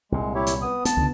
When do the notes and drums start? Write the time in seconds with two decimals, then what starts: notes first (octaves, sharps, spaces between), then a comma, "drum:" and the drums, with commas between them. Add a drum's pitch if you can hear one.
0.12 C2 A#2 G#3
0.35 E4 G4 C#5
0.47 drum: hi-hat
0.62 B3 D#6
0.85 B3 A5, drum: hi-hat
0.97 C#2 D3